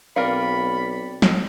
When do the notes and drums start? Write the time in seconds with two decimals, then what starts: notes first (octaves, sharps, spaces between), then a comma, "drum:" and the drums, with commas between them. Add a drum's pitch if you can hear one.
0.16 B1 C4 A#4 D5 F5 B5 C#7
1.22 drum: snare